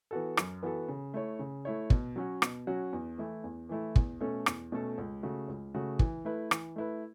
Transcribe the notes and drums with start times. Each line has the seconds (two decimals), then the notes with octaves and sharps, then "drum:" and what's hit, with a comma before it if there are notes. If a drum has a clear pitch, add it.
0.11 E3 B3 F#4 A4
0.37 F#2, drum: rim click
0.63 E3 B3 F#4 A4
0.88 C#3
1.14 A3 E4 C#5
1.39 C#3
1.65 A3 E4 C#5
1.90 B2, drum: kick
2.16 F#3 C#4 F#4
2.42 B2, drum: rim click
2.67 F#3 C#4 F#4
2.93 E2
3.18 E3 A3 E4
3.44 E2
3.69 E3 A3 E4
3.96 E2, drum: kick
4.21 B2 A3 C#4 A4
4.46 E2, drum: rim click
4.72 B2 A3 C#4 A4
4.98 C#2
5.23 C#3 A3 F#4
5.48 C#2
5.74 C#3 A3 F#4
5.99 E3, drum: kick
6.25 A3 E4 B4
6.51 E3, drum: rim click
6.76 A3 E4 B4